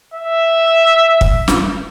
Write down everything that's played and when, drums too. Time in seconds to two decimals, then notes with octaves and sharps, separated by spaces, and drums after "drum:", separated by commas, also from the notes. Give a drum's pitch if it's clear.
0.14 E5
1.21 drum: kick
1.48 drum: snare